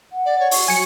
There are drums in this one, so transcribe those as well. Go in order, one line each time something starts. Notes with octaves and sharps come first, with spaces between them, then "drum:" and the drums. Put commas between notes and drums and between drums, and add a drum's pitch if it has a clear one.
F#5
D5
C#5
C#6, drum: open hi-hat
F#3 G#5 C#7